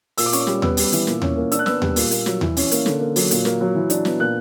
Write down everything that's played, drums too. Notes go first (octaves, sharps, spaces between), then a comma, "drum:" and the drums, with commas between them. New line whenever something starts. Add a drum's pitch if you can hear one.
A#2 E6, drum: open hi-hat
D6
C#4 C#6, drum: hi-hat
D6
G3, drum: snare
B3 E6, drum: tom D#2
G3, drum: open hi-hat
E3, drum: hi-hat
A#2, drum: snare
C#4, drum: tom D#2
A#3
D4 E6, drum: hi-hat
F#6
B3 E6, drum: snare
G3, drum: tom D#2
A#2, drum: open hi-hat
A#3, drum: hi-hat
F#3, drum: snare
E3, drum: tom D#2
C#4, drum: open hi-hat
A#3, drum: hi-hat
D3, drum: snare
A#3
F#3, drum: open hi-hat
A#2, drum: hi-hat
A#3, drum: snare
F#3
E3
D4, drum: hi-hat
B3, drum: snare
A#2 F#6